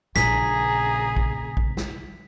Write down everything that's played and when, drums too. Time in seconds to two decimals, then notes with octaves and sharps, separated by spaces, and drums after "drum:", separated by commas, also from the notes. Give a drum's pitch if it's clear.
0.16 A#1 C#3 G#4 A#5 B6, drum: snare
1.17 drum: kick A#1
1.57 drum: kick A#1
1.77 drum: snare